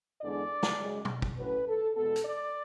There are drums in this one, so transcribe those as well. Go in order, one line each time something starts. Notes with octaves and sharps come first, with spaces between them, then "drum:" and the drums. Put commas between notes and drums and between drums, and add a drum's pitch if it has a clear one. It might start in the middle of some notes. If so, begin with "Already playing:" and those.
E2 D3 G#3 D4 D5
drum: snare
F#2 C#3 G#3
drum: tom
drum: kick
A2 F#3 C#4 B4
A4
E2 B2 G#3 B3 A4
drum: hi-hat
D5